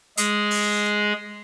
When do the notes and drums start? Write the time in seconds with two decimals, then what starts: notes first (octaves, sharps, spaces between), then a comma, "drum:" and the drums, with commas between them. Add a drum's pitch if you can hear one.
0.17 G#3 G#4, drum: hi-hat
0.51 drum: open hi-hat